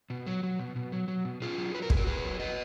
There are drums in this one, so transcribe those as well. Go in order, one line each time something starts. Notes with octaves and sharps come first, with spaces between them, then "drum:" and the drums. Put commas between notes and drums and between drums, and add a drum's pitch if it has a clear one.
B2
F#3
F#3
B2
B2
F#3
F#3
B2
B2 F4 G#4
F#3
F#3 B4
A#4
B2 G#4, drum: kick
F#4 A#4
B2 G#4 B4
F#3
F#3 B4 D#5